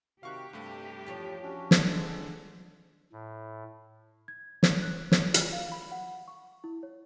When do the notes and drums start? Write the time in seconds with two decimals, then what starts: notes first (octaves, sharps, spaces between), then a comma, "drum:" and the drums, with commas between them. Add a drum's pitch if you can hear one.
0.23 C3 D#3 F#4 G4 F5 C#6 F#6
0.53 G2 C3 G3 A3
1.06 E2 F3 C#5
1.42 C#4 D4 F#4
1.71 drum: snare
1.84 D3 G#3 D4 A4
3.13 A2
4.28 G#6
4.63 C#5, drum: snare
4.82 F#6
5.12 C#5, drum: snare
5.34 F4, drum: hi-hat
5.52 F5
5.72 B5
5.92 F#5
6.28 C#6
6.64 E4
6.83 C#5